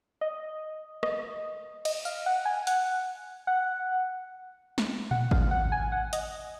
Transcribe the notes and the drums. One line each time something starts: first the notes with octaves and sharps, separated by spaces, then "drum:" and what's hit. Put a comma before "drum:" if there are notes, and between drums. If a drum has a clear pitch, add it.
D#5
D#5, drum: rim click
D#5, drum: cymbal
F5, drum: tambourine
F#5
G#5
F#5, drum: hi-hat
F#5
drum: snare
F#5, drum: tom A#2
F5, drum: kick G#1
F#5
G#5
F#5
D#5, drum: hi-hat